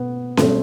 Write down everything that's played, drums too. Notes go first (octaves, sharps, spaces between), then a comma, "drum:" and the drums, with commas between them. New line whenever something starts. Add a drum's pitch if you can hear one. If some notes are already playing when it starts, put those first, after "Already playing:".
Already playing: B2 B3
B1 B2 G3 A3 C4, drum: snare C#4